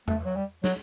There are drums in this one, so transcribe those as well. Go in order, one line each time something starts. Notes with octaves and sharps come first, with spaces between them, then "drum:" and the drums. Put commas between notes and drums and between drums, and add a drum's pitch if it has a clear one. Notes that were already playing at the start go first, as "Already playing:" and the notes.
A3, drum: tom E2
F#3
G3
F#3, drum: snare